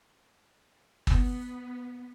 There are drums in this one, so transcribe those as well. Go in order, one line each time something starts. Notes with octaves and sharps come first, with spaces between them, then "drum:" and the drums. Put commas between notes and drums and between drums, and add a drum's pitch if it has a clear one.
B3, drum: kick G1